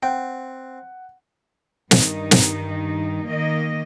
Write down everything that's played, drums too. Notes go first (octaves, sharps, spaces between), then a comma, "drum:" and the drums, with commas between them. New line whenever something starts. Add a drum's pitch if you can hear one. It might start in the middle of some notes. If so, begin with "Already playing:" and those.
C4 F#5 G5
G2 D#3 D#4, drum: snare
drum: snare
D#3 A#3 D#5